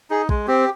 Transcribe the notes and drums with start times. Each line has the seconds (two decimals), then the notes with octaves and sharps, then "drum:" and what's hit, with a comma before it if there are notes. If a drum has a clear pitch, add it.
0.10 D#4 G#4
0.29 G#3, drum: kick A#1
0.48 C4 G4